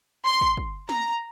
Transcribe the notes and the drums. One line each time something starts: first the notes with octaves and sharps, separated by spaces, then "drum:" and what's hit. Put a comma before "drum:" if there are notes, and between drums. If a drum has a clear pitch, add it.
C6
drum: kick
drum: kick
A#5, drum: snare